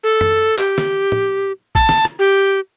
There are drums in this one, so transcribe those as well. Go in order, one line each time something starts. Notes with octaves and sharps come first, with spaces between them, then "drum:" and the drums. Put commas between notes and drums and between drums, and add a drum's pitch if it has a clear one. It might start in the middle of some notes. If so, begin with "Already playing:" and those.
A4
drum: tom F#2
G4, drum: clap
drum: snare
drum: tom
A5, drum: kick
drum: snare
drum: rim click
G4